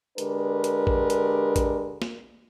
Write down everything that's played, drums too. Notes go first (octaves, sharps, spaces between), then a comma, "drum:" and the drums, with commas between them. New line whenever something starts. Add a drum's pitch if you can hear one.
D3 G#3 D4 G4 A#4 B4, drum: hi-hat
drum: hi-hat
drum: kick
drum: hi-hat
drum: kick, hi-hat
drum: snare